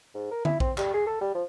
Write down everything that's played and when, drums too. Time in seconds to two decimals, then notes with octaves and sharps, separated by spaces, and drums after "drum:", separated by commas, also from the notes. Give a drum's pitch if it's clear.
0.14 G#2
0.31 A#4
0.45 E4, drum: tom D3
0.60 C4, drum: kick A#1
0.78 G3, drum: clap
0.94 G#4
1.07 A4
1.21 G3
1.34 F3